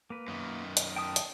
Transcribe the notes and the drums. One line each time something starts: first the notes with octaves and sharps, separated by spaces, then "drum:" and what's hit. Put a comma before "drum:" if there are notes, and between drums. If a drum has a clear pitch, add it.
A#3 B4
F#2 D#3
drum: hi-hat
G5 A5 D#6
drum: hi-hat